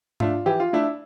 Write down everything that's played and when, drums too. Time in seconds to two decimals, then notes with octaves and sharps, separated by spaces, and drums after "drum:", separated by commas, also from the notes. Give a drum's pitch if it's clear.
0.20 A3 D4 F4, drum: tom G#2
0.46 E3 G4
0.60 F4
0.73 A3 D4 E4